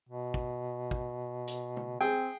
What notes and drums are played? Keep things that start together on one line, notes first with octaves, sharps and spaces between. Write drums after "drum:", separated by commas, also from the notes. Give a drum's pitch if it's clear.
B2
drum: kick
drum: kick
drum: hi-hat
drum: tom
C4 G#4 G5